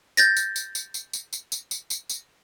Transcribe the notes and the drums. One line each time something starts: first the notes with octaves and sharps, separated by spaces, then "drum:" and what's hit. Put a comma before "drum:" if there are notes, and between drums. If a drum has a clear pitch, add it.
G6 A6 A#6, drum: tambourine
drum: tambourine
drum: tambourine
drum: tambourine
drum: tambourine
drum: tambourine
drum: tambourine
drum: tambourine
drum: tambourine
drum: tambourine
drum: tambourine